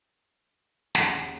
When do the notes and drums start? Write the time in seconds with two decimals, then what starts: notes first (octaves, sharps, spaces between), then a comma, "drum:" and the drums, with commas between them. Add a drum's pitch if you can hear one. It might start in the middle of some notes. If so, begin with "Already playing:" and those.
0.95 D#2 C#3 F#5 A#5, drum: snare